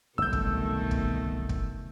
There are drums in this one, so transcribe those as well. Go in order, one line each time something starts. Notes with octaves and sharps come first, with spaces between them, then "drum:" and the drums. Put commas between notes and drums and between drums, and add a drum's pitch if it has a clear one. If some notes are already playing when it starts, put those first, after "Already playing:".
G1 C2 B2 D#3 F#3 A3 E6 G6
drum: kick
drum: kick
drum: kick